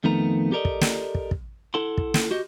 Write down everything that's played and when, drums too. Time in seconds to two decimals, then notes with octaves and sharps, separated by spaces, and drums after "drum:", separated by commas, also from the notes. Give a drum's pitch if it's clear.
0.04 F2 D#3 A3 B3 A#5
0.52 G4 A4 A#4 D5 D#5
0.65 drum: kick
0.81 drum: snare
1.15 drum: kick
1.31 drum: kick
1.74 E4 A4 F#5 A5 C6
1.98 drum: kick
2.14 drum: snare
2.31 F#4 G4 D#5